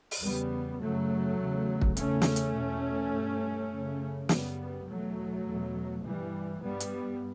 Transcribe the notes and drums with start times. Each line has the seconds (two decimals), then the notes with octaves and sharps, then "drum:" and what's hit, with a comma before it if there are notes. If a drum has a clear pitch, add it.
0.11 drum: open hi-hat
0.22 E2 C#3 G3 B3
0.80 F#2 C#3 F#3 A3
1.39 E2 C#3
1.81 drum: kick
1.97 E2 C#3 A3 C#4, drum: hi-hat
2.22 drum: snare
2.36 drum: hi-hat
2.55 E2 B2
3.13 G2
3.71 F#2 C#3
4.29 F#2 C#3 G3 B3, drum: snare
4.87 E2 B2 F#3 A3
5.45 E2 B2
6.04 G2 E3 G3
6.61 G2 G3 B3
6.80 drum: hi-hat